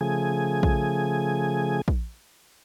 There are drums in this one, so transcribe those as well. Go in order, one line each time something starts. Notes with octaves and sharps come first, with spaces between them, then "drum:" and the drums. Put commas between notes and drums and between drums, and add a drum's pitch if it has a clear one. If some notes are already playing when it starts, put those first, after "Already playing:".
C#3 F3 A3 G#4 G#5
drum: kick
drum: kick